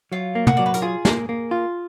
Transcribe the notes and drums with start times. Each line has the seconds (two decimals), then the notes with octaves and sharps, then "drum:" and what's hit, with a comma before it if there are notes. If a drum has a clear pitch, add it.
0.12 F#3 F4
0.35 A#3
0.47 F#4, drum: tom
0.57 F#3 D5
0.66 B4
0.74 A#4, drum: hi-hat
0.82 F4 G#4
1.05 A#3, drum: snare
1.29 A#3
1.51 F4